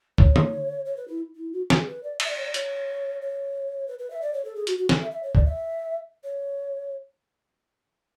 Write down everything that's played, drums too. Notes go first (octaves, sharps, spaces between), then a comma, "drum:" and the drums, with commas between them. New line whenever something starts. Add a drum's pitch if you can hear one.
C#5, drum: kick
drum: tom D3
C#5
B4
E4
E4
F#4
F#4, drum: snare
G#4
B4
D5
E5, drum: cymbal
D5
C#5
D5
C#5, drum: hi-hat
C#5
B4
B4
E5
D5
C#5
A4
G#4
F#4, drum: hi-hat
F#4
A4, drum: snare
E5
E5
C#5
D5, drum: kick
E5
C#5